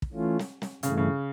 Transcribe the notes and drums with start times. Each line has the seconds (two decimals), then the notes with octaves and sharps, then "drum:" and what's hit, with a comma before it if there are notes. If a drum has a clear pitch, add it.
0.02 drum: kick
0.12 E3 A3 C#4 F4
0.39 drum: snare
0.62 drum: snare
0.83 G2 C#3 E3 A3, drum: hi-hat
0.97 C#3